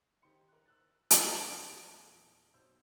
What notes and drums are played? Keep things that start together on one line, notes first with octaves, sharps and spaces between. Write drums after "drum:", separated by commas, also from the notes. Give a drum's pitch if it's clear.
D#3 G4 C5 C6 C#7
A#4 F#6
E6 F#6 A6
drum: hi-hat
D#5
E2 A#2 G#4 D#6 A#6
B1 B2 C5 E6 G6